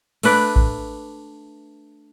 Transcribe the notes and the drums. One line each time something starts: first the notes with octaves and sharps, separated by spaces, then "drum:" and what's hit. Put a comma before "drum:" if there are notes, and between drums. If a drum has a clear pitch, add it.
A3 D4 B4 D5, drum: cymbal
drum: kick A1